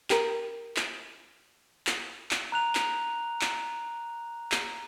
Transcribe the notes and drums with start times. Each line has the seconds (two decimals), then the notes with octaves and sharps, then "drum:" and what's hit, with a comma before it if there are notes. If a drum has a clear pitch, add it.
0.10 G4 A#4, drum: clap
0.76 drum: clap
1.87 drum: clap
2.31 drum: clap
2.52 A#5 F#6 F7
2.75 drum: clap
3.41 drum: clap
4.52 drum: clap